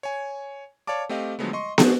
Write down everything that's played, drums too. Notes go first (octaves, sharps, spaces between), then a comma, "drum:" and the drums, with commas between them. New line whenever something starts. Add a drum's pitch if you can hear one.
C#5 G#5
C#5 D5 F5 A5 D6
A3 C4 G4 D#5 F5
D3 F3 F#3 G#3 A3 B3
D#5 C6 C#6
D4 F#4 G#4 C5, drum: snare